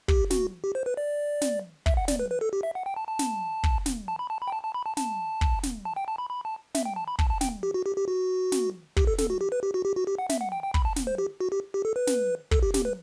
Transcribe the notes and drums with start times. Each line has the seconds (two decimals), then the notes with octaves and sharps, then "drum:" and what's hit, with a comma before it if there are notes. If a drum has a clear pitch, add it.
0.08 G4, drum: kick
0.30 F#4, drum: snare
0.64 G4
0.75 C5
0.86 B4
0.97 D5
1.41 drum: snare
1.86 E5, drum: kick
1.97 F#5
2.08 D5, drum: snare
2.19 B4
2.30 B4
2.41 A4
2.53 G4
2.63 E5
2.75 F#5
2.86 G5
2.96 A5
3.08 A5
3.19 drum: snare
3.64 drum: kick
3.86 drum: snare
4.08 A5
4.19 B5
4.30 A5
4.42 B5
4.47 G5
4.52 A5
4.63 A5
4.74 B5
4.86 A5
4.97 A5, drum: snare
5.41 drum: kick
5.63 drum: snare
5.85 A5
5.96 G5
6.08 A5
6.18 B5
6.30 B5
6.45 A5
6.75 E5, drum: snare
6.85 G5
6.96 A5
7.08 B5
7.19 A5, drum: kick
7.30 A5
7.41 G5, drum: snare
7.63 G4
7.74 F#4
7.86 G4
7.97 G4
8.08 F#4
8.52 drum: snare
8.97 G4, drum: kick
9.07 A4
9.18 A4, drum: snare
9.30 F#4
9.41 G4
9.52 B4
9.63 G4
9.74 F#4
9.85 G4
9.96 F#4
10.07 G4
10.18 F#5
10.29 E5, drum: snare
10.41 F#5
10.52 G5
10.63 G5
10.74 B5, drum: kick
10.85 A5
10.96 drum: snare
11.07 C5
11.18 G4
11.40 F#4
11.52 G4
11.74 G4
11.85 A4
11.96 B4
12.07 drum: snare
12.51 A4, drum: kick
12.63 G4
12.74 G4, drum: snare
12.85 B4